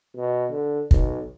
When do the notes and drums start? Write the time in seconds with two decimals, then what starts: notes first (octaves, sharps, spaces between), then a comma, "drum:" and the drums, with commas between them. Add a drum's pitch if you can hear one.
0.17 B2
0.50 D3
0.91 B1, drum: kick